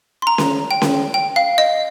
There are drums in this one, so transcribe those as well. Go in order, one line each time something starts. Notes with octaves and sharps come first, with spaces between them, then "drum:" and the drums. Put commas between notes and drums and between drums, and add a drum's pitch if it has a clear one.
C6
A#5
drum: snare C#4
G5
drum: snare C#4
G5
F5
D#5